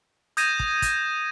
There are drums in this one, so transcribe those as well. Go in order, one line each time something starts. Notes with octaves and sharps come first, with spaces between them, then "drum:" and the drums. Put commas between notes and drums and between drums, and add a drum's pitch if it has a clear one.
D#6 G6 G#6 A#6 D#7 E7, drum: hi-hat
drum: kick
drum: kick, hi-hat